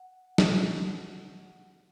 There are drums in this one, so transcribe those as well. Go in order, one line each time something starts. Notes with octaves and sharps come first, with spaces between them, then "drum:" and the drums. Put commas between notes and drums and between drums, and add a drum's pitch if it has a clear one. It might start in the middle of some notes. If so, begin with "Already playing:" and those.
Already playing: F#5
F#3 C#4 F#4, drum: snare